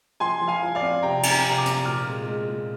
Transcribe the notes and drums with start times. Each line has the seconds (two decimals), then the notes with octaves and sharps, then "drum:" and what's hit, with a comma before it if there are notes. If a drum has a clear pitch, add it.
0.20 F3 G#5 C6
0.41 F3
0.48 F5 G#5
0.62 F3
0.75 D5 F5
0.82 C4
1.03 C3 G5 A#5
1.23 C3 G#5, drum: cymbal
1.31 G5 A#5
1.44 C3
1.58 A#5 D6
1.66 C4, drum: hi-hat
1.85 A#2 D6 F6
2.06 G#3
2.27 G#3
2.47 A#2